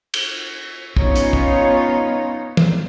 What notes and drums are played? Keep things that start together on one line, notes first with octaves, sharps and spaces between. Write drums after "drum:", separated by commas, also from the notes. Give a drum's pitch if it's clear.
drum: cymbal
B3 C#4 D#4 F4 C#5, drum: kick
drum: hi-hat
drum: kick
drum: tom